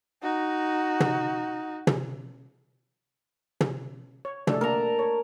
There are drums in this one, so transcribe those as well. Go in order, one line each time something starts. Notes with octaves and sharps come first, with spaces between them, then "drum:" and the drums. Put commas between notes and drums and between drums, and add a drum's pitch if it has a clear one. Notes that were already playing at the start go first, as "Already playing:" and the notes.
D#4 F#4
drum: tom
drum: tom
drum: tom
C#5
A3 D4 A4, drum: tom
A#3 D4 A#4 A5 A#5
C#5